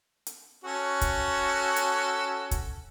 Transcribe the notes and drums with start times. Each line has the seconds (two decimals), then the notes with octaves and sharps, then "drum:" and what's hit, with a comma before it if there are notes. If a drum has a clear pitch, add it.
0.27 drum: hi-hat
0.64 C#4 F#4 A4
1.01 drum: kick, hi-hat
1.76 drum: hi-hat
2.51 drum: kick, hi-hat